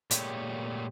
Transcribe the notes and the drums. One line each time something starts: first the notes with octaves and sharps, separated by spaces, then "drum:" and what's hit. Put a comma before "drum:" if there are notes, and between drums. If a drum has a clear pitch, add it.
A#2 G#3 A3 G4 C#5, drum: hi-hat